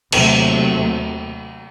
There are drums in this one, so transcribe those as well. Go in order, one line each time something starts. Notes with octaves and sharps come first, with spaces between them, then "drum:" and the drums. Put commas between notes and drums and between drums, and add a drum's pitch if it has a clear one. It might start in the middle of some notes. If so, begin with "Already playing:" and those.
D#2 C3 F#3 A3 C4, drum: cymbal